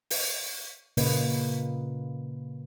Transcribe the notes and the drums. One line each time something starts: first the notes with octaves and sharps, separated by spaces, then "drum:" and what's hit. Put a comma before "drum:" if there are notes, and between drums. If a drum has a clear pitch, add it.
drum: open hi-hat
A#2 C#3 A#3 B4 D#5, drum: open hi-hat